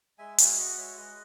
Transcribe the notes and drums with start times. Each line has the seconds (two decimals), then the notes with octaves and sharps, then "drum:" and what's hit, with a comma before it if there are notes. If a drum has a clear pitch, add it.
0.18 G#3 E5 G#5
0.38 F#4 E5 G#5, drum: hi-hat
0.58 F#4 D#5 F#5
0.77 G#3 C#5 E5
0.98 G#3 B4 D#5